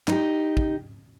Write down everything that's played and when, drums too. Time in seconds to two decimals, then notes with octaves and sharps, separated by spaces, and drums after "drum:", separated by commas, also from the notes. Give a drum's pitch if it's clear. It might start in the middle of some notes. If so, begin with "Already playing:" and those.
0.08 D#4 G4, drum: clap
0.57 drum: kick